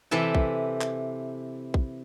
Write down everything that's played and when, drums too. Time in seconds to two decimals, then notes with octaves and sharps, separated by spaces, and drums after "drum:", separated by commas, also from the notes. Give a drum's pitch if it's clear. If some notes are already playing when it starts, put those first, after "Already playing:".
0.11 C3 E3 A4 A5
0.35 drum: kick
0.81 drum: clap
1.74 drum: kick